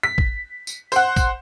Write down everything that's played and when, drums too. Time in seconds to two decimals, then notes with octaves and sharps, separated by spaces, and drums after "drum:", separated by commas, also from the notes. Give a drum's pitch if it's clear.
0.03 B6
0.18 drum: kick
0.67 drum: tambourine
0.92 C5 F#5, drum: tambourine
1.16 drum: kick, tambourine